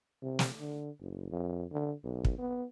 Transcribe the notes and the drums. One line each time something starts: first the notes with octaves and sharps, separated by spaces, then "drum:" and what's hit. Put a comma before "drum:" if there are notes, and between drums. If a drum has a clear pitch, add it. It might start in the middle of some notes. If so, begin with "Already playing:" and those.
C3
drum: snare
D3
F#1
F2
D3
B1
drum: kick
B3